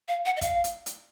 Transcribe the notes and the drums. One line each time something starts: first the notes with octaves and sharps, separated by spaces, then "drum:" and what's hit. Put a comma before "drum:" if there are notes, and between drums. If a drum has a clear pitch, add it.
F5
F#5
D#5
F5, drum: kick, hi-hat
drum: hi-hat
drum: hi-hat